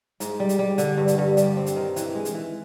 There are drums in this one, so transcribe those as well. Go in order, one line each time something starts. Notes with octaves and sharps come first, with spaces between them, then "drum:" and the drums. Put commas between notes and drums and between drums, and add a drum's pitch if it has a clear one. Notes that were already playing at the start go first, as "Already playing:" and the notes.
G#2, drum: hi-hat
G3
drum: hi-hat
G3
D3, drum: hi-hat
G2
drum: hi-hat
G2
G3, drum: hi-hat
C4
drum: hi-hat
D#3
E3, drum: hi-hat
G#3
drum: hi-hat
E3